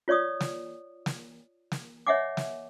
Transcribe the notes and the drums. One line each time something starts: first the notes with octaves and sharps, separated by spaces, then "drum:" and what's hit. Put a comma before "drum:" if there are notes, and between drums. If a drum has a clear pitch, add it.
F4 C#5 D5 C#6 D#6
drum: snare
drum: snare
drum: snare
C#5 D#5 E5 F#5 G#5 D6
drum: snare